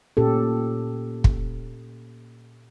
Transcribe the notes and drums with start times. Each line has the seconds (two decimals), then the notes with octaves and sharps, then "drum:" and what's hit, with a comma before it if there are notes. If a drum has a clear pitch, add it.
0.17 A#2 C#4 G4 A4
1.24 drum: kick